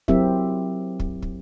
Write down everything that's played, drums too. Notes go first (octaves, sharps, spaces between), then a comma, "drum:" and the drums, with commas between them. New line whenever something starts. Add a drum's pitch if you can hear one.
F#3 C4 E4 G4 A#4 E5, drum: kick
drum: kick
drum: kick